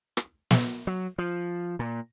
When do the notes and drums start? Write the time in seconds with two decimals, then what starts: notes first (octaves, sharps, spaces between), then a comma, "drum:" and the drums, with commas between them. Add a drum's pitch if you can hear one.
0.17 drum: rim click
0.51 drum: snare
0.87 F#3
1.18 F3
1.79 A#2